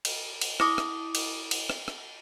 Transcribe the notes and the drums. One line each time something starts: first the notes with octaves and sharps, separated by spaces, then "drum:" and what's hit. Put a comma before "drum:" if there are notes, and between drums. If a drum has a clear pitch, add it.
drum: cymbal
drum: cymbal
E4 D6 D#6, drum: rim click
drum: rim click
drum: cymbal
drum: cymbal
drum: rim click
drum: rim click